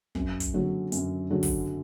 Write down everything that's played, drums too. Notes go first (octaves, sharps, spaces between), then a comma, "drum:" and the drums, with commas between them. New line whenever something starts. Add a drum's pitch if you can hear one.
F#2, drum: kick
drum: kick, hi-hat
D3 F#3
F#2, drum: hi-hat
D3 F#3
drum: kick, open hi-hat